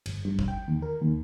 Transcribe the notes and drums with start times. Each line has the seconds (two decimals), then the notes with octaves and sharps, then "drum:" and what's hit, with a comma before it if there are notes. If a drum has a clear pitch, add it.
0.06 G1, drum: cymbal
0.25 G2
0.39 drum: kick G#1
0.48 G5
0.68 D#2
0.82 A#4
1.01 D#2